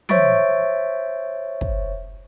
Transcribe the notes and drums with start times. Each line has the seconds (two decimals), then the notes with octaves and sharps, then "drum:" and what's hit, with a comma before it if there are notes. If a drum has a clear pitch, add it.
0.09 C5 C#5 E5 C#6 A6 D7, drum: tom F3
1.61 drum: kick